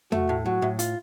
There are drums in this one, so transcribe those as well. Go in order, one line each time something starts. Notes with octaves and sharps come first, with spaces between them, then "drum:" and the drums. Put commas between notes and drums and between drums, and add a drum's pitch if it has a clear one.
A3 F#4, drum: tom E2
A2
F#3 F#4
A2
F4, drum: hi-hat